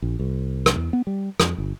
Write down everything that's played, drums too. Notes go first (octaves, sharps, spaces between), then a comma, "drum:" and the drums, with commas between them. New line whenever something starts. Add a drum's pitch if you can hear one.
A#1
C2
drum: rim click
E2
B3
G3
F2, drum: rim click
G1